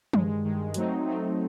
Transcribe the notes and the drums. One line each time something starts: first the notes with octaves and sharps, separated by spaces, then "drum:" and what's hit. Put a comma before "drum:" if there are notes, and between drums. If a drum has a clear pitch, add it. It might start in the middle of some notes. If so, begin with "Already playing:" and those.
G2 D#3 G#3, drum: tom
G2 D#3 G#3
F#3 A3 C4 D#4, drum: hi-hat
F#3 A3 C4 D#4